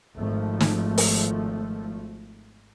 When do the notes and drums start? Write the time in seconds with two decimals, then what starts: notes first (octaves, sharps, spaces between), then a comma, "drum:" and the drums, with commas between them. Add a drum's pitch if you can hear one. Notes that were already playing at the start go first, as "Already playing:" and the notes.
0.16 G#1 F3 A3
0.60 drum: snare
0.98 drum: open hi-hat